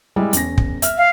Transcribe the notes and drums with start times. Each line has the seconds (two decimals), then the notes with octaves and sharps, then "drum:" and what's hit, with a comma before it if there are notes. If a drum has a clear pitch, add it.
0.16 G3 G#3 E4
0.33 E1 C#4 A#6, drum: hi-hat
0.58 drum: kick
0.82 E5 F6, drum: hi-hat
0.97 F5